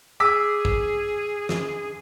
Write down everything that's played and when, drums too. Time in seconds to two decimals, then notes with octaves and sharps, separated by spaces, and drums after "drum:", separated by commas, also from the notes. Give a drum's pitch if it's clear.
0.20 G#4 D6 E6 B6
0.65 drum: kick
1.49 drum: snare